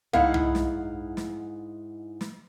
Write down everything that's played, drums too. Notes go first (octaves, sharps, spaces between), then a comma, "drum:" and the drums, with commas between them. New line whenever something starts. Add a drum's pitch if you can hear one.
G#2 D#4 E4 F5 F#5, drum: tom
drum: tom
drum: snare
drum: snare
drum: snare